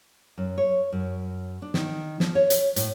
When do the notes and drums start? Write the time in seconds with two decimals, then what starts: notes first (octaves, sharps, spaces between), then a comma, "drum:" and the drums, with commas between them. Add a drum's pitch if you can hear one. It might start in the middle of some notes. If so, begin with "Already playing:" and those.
0.38 F#2
0.58 C#5
0.92 F#2
1.62 D4
1.74 D#3, drum: snare
2.20 F3, drum: snare
2.35 C#5
2.50 drum: hi-hat
2.76 A2, drum: hi-hat